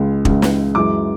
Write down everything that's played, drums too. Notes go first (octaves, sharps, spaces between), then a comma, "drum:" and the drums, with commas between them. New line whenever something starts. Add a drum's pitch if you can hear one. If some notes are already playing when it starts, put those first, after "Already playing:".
Already playing: C#2 C#3 G#3
C#2 C#3 G#3, drum: kick
drum: snare
F#2 E3 G#3 D6